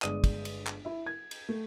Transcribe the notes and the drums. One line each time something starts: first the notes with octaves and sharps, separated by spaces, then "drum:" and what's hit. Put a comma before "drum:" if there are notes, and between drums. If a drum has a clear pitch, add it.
G1 G#3 D5 D#6 D#7, drum: clap
drum: kick, cymbal
drum: cymbal
drum: clap
E4 E5
G#6
drum: cymbal
A3